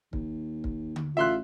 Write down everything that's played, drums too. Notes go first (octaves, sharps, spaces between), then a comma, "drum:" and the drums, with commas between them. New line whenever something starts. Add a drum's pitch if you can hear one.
D#2, drum: kick
drum: kick
drum: tom D3
A1 F4 E5 C6 F#6